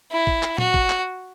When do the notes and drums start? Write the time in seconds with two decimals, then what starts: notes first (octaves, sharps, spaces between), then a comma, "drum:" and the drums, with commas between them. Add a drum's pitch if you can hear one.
0.12 E4
0.27 drum: kick A1
0.43 drum: clap
0.58 F#4, drum: tom A#2
0.74 drum: kick A1
0.90 drum: clap